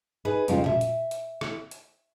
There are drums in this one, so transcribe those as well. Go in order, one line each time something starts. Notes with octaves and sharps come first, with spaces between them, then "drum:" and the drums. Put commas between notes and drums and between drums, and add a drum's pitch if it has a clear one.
D#4 G#4 B4
F2 C#3 G#3 D#4 F4, drum: hi-hat
E5, drum: tom A#2
drum: hi-hat
drum: hi-hat
drum: rim click
drum: hi-hat